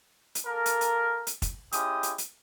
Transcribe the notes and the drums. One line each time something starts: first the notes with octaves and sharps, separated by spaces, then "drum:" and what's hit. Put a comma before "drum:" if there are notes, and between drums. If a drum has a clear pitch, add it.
drum: hi-hat
A#3 A4 A#4
drum: hi-hat
drum: hi-hat
drum: hi-hat
drum: kick, hi-hat
G#3 C#4 E4 G4 D#6, drum: hi-hat
drum: hi-hat
drum: hi-hat